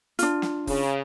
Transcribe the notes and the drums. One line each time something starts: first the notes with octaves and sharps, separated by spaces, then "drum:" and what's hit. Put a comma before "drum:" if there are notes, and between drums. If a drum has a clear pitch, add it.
D4 F4, drum: hi-hat
drum: snare
C#3, drum: kick, open hi-hat